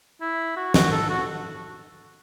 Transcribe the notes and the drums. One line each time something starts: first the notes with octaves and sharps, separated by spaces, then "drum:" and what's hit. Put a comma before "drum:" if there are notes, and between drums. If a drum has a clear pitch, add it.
E4
F#4
F#4, drum: snare
A4
F#4